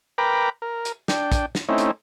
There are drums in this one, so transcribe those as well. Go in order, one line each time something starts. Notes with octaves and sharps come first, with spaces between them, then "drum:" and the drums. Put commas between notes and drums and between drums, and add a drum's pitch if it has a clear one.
A#4 B4 G5 A#5 B5 D6
A#4
drum: hi-hat
D4 G5, drum: snare
drum: kick, hi-hat
drum: snare
A3 C4 C#4 D#4 E4
drum: hi-hat